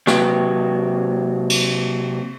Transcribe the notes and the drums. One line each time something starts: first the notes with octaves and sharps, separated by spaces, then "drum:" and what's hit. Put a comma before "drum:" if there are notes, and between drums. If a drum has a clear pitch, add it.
C3 F#3 A#3 B4 G5, drum: rim click
drum: cymbal